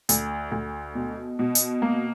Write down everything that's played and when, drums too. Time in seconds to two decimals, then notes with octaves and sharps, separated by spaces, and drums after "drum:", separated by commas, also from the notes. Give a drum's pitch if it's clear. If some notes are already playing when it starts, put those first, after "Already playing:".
0.09 D2, drum: hi-hat
0.52 D2
0.95 B2
1.39 B2
1.55 drum: hi-hat
1.82 A#3